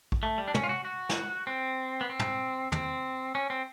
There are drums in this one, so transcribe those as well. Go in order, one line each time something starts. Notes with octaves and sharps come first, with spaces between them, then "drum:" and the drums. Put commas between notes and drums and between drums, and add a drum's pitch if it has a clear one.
drum: kick
A3
G3
D4
C#4, drum: tom
F4
F#4
F#4
drum: snare
C4
B3
C4
drum: tom
C4, drum: tom
C#4
C4